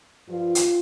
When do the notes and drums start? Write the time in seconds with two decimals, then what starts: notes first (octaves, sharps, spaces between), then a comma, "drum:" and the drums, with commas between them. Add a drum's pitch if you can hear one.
0.28 G2 F3 F4
0.55 drum: hi-hat